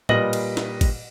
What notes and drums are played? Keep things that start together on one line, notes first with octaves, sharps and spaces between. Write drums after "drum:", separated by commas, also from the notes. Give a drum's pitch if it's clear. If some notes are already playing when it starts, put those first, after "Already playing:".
A#2 G3 B4 D#5 A#6 F#7, drum: tom A2
drum: cymbal
drum: snare
drum: kick, cymbal